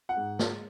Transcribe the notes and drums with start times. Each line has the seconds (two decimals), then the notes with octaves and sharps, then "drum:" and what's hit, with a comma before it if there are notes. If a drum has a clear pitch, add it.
0.09 F#5
0.17 G#2
0.39 G#3, drum: snare